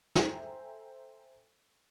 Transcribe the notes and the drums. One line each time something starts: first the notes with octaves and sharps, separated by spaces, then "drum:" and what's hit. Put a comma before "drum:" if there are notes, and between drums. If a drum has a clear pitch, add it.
A4 C5 E5 G5 G#5 A#5, drum: snare